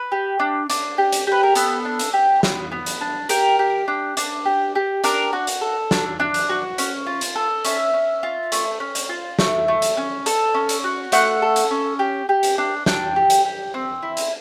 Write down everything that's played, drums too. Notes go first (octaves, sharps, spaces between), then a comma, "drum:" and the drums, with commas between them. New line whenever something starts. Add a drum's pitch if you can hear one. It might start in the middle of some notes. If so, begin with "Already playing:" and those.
Already playing: B4
G4
D4
D4, drum: hi-hat
G4
drum: hi-hat
G4 B4
A#4
B3 A4, drum: hi-hat
D4
drum: hi-hat
G4
B3, drum: snare
B3
drum: hi-hat
D4
G4 A#4, drum: hi-hat
G4
D4
D4, drum: hi-hat
G4
G4
D4 A#4, drum: hi-hat
F#4
drum: hi-hat
A4
D4, drum: snare
D4
drum: hi-hat
F#4
C#4, drum: hi-hat
F4
drum: hi-hat
A4
C#4 E5, drum: hi-hat
C#4
F4
A3, drum: hi-hat
C#4
drum: hi-hat
F4
A3, drum: snare
A3
drum: hi-hat
C#4
A4, drum: hi-hat
C#4
drum: hi-hat
F#4
A3 F#5, drum: hi-hat
A4
drum: hi-hat
C#4
G4
G4
drum: hi-hat
D4
D4 G5, drum: snare
G4
drum: hi-hat
G4
C4
E4
drum: hi-hat